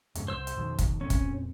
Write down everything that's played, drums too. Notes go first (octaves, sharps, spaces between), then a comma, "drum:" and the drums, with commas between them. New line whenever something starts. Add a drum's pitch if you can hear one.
F2 G#2 C#3, drum: hi-hat
C2 C5 E6
drum: hi-hat
F2 B2 D#3
drum: kick, hi-hat
F2 A#2 C4 C#4
drum: kick, hi-hat